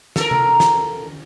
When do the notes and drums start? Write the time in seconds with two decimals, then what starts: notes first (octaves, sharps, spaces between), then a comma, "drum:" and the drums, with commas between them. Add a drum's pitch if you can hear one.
0.16 A4 A#4, drum: snare
0.31 drum: tom C3
0.60 drum: snare